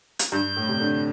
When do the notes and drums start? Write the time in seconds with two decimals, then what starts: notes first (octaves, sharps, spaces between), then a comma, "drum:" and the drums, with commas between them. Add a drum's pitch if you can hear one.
0.19 drum: hi-hat
0.32 G2 G6
0.57 A2
0.69 C3
0.80 D3